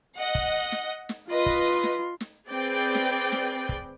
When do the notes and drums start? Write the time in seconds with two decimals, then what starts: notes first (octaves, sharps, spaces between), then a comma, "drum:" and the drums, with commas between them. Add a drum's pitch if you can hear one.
0.16 D#5 F#5
0.35 drum: kick
0.72 drum: snare
1.09 drum: snare
1.30 F4 B4 D#5 C6
1.46 drum: kick
1.83 drum: snare
2.21 drum: snare
2.49 C4 G#4 B4 D5 G5
2.95 drum: snare
3.32 drum: snare
3.69 drum: kick